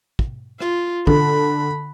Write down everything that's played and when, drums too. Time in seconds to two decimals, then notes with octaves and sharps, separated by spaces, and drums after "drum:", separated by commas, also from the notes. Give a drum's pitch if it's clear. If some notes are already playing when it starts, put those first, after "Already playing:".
0.19 drum: kick
0.60 F4, drum: rim click
1.07 D3 B5, drum: kick